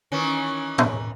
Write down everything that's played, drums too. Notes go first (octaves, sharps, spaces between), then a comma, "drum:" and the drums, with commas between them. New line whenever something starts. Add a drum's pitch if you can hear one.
D#3 E3 C#4
drum: tom A2